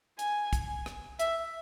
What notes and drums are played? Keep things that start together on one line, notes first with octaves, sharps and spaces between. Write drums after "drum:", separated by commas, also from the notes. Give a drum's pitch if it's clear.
G#5, drum: hi-hat
drum: kick, hi-hat
drum: rim click
E5, drum: hi-hat